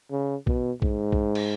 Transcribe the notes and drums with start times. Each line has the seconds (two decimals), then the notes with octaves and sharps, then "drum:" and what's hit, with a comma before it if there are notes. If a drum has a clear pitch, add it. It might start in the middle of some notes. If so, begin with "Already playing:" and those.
0.11 C#3
0.47 B2, drum: kick
0.82 G#2, drum: kick
1.12 drum: kick
1.35 drum: cymbal